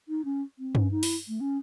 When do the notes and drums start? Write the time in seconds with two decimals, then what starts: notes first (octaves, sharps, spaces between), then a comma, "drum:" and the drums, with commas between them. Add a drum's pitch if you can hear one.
0.09 D#4
0.25 C#4
0.59 C4
0.75 C#4, drum: tom G2
0.91 D#4
1.03 E4, drum: open hi-hat
1.28 A3
1.41 C#4